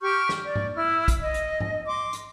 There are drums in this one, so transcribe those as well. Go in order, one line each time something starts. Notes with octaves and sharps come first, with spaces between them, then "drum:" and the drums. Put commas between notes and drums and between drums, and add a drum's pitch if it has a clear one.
G4 C#6 F6 G6
drum: snare
D5
drum: tom G#2
E4 F6
drum: kick, hi-hat
D#5
drum: hi-hat
drum: tom G#2
C6 D6
drum: hi-hat